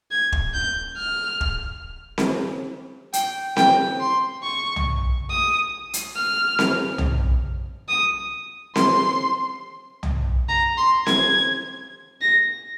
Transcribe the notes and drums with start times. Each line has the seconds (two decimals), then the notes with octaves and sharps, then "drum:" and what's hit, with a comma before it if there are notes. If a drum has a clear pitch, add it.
0.11 G#6
0.32 drum: kick
0.54 G6
0.97 F6
1.41 drum: kick
2.18 drum: snare C4
3.13 G5, drum: hi-hat
3.57 G5, drum: snare C4
4.00 C6
4.43 C#6
4.76 drum: tom
5.30 D#6
5.94 drum: hi-hat
6.16 F6
6.59 drum: snare C4
6.98 drum: tom
7.89 D#6
8.76 C6, drum: snare C4
10.03 drum: tom
10.49 A#5
10.77 C6
11.06 G#6, drum: snare C4
12.21 A#6